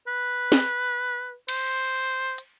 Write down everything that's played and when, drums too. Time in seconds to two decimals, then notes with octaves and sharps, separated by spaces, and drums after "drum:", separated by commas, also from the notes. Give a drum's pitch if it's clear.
0.07 B4
0.52 drum: snare
1.48 C5, drum: cymbal
2.38 drum: hi-hat